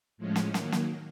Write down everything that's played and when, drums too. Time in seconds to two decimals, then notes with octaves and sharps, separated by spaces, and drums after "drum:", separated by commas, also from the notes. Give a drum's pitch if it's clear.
0.18 A2 F3 G#3 C#4
0.36 drum: snare
0.54 D#3 F#3 A#3, drum: snare
0.72 drum: snare